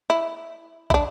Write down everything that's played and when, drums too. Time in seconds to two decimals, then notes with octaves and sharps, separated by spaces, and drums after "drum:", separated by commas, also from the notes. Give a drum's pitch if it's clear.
0.10 E4
0.90 E4, drum: kick
0.94 D4